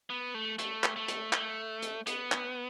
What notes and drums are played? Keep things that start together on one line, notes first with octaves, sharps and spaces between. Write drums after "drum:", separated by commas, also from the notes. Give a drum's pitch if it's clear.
B3
A3
A3, drum: hi-hat
drum: clap
A3
drum: hi-hat
A3, drum: clap
drum: hi-hat
B3, drum: hi-hat
drum: clap